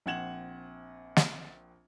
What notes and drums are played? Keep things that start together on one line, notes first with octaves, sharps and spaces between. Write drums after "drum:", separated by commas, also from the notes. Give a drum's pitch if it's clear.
A#1 C4 F#5 G#6 E7 F#7
drum: snare